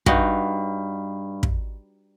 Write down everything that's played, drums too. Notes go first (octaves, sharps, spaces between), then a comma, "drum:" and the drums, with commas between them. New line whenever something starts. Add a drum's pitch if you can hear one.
G2 D#4 F#4, drum: kick
drum: kick